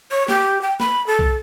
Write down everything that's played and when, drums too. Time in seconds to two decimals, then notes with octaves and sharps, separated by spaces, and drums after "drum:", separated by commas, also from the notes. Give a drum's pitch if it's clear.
0.11 C#5
0.28 G4, drum: snare
0.62 G5
0.80 B5, drum: snare
1.07 A4
1.19 drum: kick B1